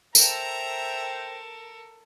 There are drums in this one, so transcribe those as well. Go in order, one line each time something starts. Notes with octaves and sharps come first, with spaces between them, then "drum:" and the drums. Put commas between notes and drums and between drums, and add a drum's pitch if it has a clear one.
A4 A#4 C5 E5 G5 A#5, drum: tambourine